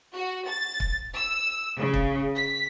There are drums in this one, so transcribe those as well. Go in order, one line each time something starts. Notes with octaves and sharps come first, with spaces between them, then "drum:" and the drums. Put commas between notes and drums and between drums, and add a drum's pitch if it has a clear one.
F#4
A6
drum: kick
E6
C#3
drum: kick
B6